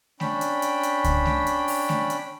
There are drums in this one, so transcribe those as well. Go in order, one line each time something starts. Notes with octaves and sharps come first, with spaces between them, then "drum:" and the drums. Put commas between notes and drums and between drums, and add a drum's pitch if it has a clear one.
C#4 D4 G5 B5, drum: snare A3
drum: hi-hat
drum: hi-hat
drum: hi-hat
drum: kick C#2, hi-hat
drum: snare A3
drum: hi-hat
drum: open hi-hat
drum: snare A3
drum: hi-hat